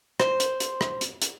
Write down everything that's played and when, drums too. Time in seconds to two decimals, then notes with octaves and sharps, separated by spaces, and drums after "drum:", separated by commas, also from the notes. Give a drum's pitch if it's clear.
0.20 C5, drum: rim click
0.40 drum: hi-hat
0.60 drum: hi-hat
0.81 drum: rim click
1.01 drum: hi-hat
1.22 drum: hi-hat